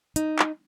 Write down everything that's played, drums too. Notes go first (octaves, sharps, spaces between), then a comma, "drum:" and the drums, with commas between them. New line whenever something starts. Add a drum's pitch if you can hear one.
D#4, drum: hi-hat
drum: clap